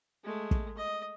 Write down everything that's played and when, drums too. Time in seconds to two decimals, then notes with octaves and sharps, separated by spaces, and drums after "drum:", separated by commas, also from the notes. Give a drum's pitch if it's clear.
0.23 G#3 A3
0.51 drum: kick
0.77 D#5